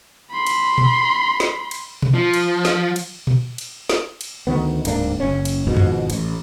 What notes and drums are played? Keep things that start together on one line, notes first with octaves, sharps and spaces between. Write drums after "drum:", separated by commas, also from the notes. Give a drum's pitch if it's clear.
B5 C6
drum: cymbal
drum: tom A#2
drum: snare
drum: cymbal
drum: tom B2
F3
drum: cymbal
drum: snare
drum: cymbal
drum: tom A#2
drum: cymbal
drum: snare
drum: cymbal
D2 D#3 B3
D1 G#2 A#3 D4, drum: cymbal
F#1 C#4
drum: cymbal
G#1 F2 G#2 B2
drum: tom F2
A1, drum: cymbal